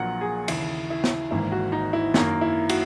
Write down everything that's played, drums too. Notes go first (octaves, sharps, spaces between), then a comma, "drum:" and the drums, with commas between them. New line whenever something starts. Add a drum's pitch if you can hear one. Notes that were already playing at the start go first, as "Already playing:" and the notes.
Already playing: A#1 A#2 F#3 A#3 F#5
G#4
D#2 C#3 E3 E4, drum: cymbal
E4
drum: snare
G#1 G#2 E3 A#3 E4
F#4
D#4
E4
F#2 D#3 A#3, drum: snare
E4
F#4, drum: cymbal